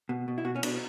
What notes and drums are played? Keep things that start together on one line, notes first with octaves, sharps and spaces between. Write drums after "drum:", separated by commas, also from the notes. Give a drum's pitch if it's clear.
B2
B2
E4
B2 F#4
C#4
B2 D4, drum: cymbal